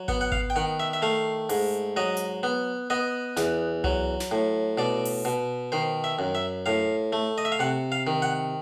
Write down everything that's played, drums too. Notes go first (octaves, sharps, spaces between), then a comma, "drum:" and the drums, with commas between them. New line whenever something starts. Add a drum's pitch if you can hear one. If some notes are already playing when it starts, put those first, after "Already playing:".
Already playing: F#3
B3 F#5, drum: kick G#1
F#5
F5, drum: kick G#1
G5
D#3 F#5
E5
E5
A3 F5
G#2, drum: open hi-hat
F#3 D#5
drum: hi-hat
B3
B3 D#5
E2, drum: snare
F#3, drum: tom C2
drum: snare
A2
B2 D5
drum: open hi-hat
B2
D#3 C5
E5
F#2
E5
A2 F5
A3
D#5
E5
F5
C3 F#5
F5
D#3
F#5